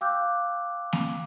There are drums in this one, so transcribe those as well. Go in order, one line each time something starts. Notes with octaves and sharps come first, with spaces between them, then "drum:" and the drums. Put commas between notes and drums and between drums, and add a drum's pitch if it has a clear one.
F5 G5 D6 E6 F#6 G6
drum: snare A#3